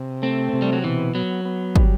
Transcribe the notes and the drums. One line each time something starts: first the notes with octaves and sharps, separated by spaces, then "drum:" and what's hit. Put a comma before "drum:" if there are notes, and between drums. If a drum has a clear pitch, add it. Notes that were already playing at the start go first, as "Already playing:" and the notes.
Already playing: C3
A3 C4
C3
G3
F#3
B2 E3
F#3 B3
B3
G3, drum: kick